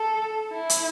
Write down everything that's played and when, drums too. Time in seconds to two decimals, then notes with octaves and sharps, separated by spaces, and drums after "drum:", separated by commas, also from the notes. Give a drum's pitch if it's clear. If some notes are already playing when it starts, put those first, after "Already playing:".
Already playing: A4
0.52 E4
0.70 drum: hi-hat